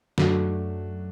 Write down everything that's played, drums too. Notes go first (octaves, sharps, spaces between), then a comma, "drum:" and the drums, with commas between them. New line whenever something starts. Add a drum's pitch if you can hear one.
F#2 F#3 A3 D4 F#4, drum: snare